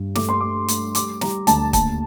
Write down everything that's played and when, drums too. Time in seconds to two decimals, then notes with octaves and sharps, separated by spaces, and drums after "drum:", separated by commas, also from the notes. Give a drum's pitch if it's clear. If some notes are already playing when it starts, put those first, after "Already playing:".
Already playing: G2
0.15 A3 D6, drum: snare
0.29 C6
0.41 A3 D6
0.68 A3, drum: hi-hat
0.95 G3 D6, drum: hi-hat
1.21 G3 A#5, drum: snare
1.47 D2 A5, drum: hi-hat
1.73 D#2 A5, drum: kick, hi-hat